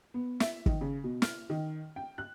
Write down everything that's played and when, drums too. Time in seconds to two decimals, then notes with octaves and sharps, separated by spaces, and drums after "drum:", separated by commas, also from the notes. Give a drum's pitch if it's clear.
0.14 B3
0.40 E5, drum: snare
0.66 D#3, drum: kick
0.81 C#3
1.04 B2
1.22 F6, drum: snare
1.50 D#3
1.96 G5
2.18 F#6